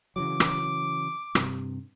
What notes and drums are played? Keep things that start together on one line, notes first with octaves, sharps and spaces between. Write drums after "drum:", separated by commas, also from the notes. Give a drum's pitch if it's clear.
C#3 E3 F#3 D6
drum: rim click
G2 C3, drum: rim click